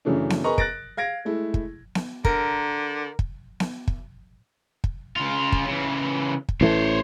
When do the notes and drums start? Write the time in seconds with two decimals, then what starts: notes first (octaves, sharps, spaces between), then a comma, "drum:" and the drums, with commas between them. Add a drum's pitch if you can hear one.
0.05 F#2 C#3 E3 A3 D4
0.30 drum: snare B3
0.44 G#4 A#4 B4 D#5 A#5 C#6
0.58 F#6 A6 A#6 D7, drum: kick
0.97 F5 G#6 A#6 D7
1.25 G#3 A3 E4
1.54 drum: kick
1.95 drum: snare B3
2.25 D3 A#4, drum: kick
3.19 drum: kick
3.60 drum: snare B3
3.88 drum: kick
4.84 drum: kick
5.16 C#3 F4
5.52 drum: kick
5.66 C#3 E3
6.49 drum: kick
6.61 A1 E3 A3 C5 C#5